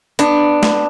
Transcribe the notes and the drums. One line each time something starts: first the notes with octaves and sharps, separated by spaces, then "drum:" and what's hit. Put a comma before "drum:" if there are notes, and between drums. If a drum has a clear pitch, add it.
B3 D4, drum: hi-hat
drum: snare